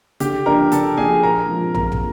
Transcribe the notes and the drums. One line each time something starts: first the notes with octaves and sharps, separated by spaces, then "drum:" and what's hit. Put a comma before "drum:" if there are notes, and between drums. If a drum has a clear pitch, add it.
D3 G4 G5, drum: hi-hat
F3 A#3 D4 A#4 A#5
D3 A4 A5, drum: hi-hat
F3 A#3 D4 G#4 G#5
A#2 A#4 A#5
F3 G#3 C4
A#2 A#4 A#5, drum: tom
drum: tom